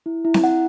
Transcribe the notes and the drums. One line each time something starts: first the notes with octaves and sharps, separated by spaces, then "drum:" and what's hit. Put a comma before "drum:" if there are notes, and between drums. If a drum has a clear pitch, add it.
E4
E4
drum: snare C4
F#5